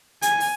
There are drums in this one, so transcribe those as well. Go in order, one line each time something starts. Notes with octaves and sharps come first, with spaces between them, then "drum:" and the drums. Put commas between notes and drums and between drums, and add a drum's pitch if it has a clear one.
G#5, drum: hi-hat
drum: open hi-hat